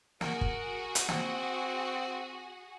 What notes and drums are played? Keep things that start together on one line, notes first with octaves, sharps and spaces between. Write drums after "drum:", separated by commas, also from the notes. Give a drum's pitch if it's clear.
F#4 G#4 A#4 F#5, drum: snare
drum: kick
drum: hi-hat
C4, drum: snare